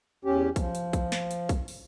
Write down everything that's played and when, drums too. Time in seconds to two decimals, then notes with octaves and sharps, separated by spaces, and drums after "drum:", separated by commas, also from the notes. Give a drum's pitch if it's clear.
0.25 E2 C#4 G4
0.56 F3, drum: kick, hi-hat
0.75 drum: hi-hat
0.93 drum: kick, hi-hat
1.12 drum: snare
1.31 drum: hi-hat
1.49 drum: kick, hi-hat
1.68 drum: open hi-hat